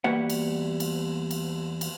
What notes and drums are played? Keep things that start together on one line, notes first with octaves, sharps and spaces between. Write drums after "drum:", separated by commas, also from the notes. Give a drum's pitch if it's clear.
E2 G3 A#3 F#4 B4 F#5
drum: cymbal
drum: cymbal
drum: cymbal
drum: cymbal